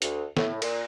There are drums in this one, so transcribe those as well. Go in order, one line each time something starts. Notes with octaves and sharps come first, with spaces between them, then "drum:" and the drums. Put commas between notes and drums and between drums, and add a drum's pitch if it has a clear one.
D2, drum: hi-hat
A2, drum: snare
A#2, drum: cymbal